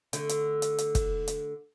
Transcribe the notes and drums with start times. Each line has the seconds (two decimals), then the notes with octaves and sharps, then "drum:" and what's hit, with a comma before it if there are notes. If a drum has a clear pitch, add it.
0.13 D3 A3, drum: hi-hat
0.29 drum: hi-hat
0.62 drum: hi-hat
0.78 drum: hi-hat
0.95 drum: kick, hi-hat
1.28 drum: hi-hat